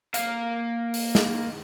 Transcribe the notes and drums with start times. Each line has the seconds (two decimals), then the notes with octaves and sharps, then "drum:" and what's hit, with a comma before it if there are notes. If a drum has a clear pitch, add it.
0.14 A#3 F5, drum: hi-hat
0.94 drum: open hi-hat
1.15 drum: snare